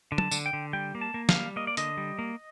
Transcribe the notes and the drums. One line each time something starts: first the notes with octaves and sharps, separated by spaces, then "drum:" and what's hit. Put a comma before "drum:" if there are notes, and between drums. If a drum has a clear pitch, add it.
D3
A5, drum: tom
D3, drum: tambourine
G5
D3
G3 G5
A#3
A5
A#3
F5, drum: snare
G3
A#3 D#5
D5
D3 D#5, drum: hi-hat
G3
A#3